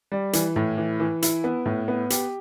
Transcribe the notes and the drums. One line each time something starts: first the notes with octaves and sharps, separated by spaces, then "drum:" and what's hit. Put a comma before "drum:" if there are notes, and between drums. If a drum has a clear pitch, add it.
G3
E3, drum: hi-hat
A2
E3
E3
E4, drum: hi-hat
B3
A2
B3
G4, drum: hi-hat